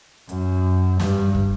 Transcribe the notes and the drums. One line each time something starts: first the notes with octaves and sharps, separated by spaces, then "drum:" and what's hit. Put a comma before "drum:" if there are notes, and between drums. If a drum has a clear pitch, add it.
F#2, drum: hi-hat
G2, drum: snare
drum: kick